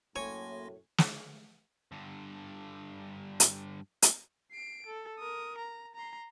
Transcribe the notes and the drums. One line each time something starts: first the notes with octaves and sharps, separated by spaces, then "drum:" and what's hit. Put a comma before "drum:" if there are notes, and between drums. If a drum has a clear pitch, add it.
F#2 A2 A#3 C#5 G#5 C6 A#6
drum: snare
G2 D3
drum: hi-hat
drum: hi-hat
C7 D7
A4
A#4 D#6
A#5
A#5 C6